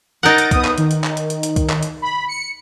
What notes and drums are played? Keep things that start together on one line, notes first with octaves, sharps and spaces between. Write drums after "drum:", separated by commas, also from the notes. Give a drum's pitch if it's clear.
D#4 A#4 F#5 A6 A#6 D7
drum: hi-hat
B3 D#6, drum: kick B1, hi-hat
drum: clap
D#3, drum: hi-hat
drum: hi-hat
drum: clap
drum: hi-hat
drum: hi-hat
drum: hi-hat
drum: kick B1, hi-hat
drum: clap
drum: hi-hat
B5
C#7